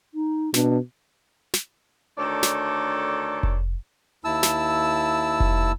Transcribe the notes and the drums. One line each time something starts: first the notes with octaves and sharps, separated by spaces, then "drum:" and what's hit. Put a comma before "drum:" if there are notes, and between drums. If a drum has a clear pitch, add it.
D#4
B2 D4, drum: snare
drum: snare
D2 D#3 D4 A4 C#5 D5
drum: snare
drum: kick F1
D#2 E4 A5 E6
drum: snare
drum: kick F1